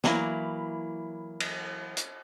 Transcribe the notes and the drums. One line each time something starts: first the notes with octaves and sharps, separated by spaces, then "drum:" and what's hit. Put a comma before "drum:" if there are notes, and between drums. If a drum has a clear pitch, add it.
E3 F#3 A#3 E4, drum: snare
drum: cymbal
drum: hi-hat